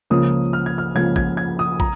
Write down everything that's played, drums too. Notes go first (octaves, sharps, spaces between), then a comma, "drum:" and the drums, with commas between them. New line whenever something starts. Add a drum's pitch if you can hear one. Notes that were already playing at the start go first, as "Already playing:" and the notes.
C#2 C#3 F3 A#3 D#6
F6
G#6
F6
C#2 C#3 F3 A#3 G#6
G#6, drum: kick
G#6
D#6
A#5, drum: kick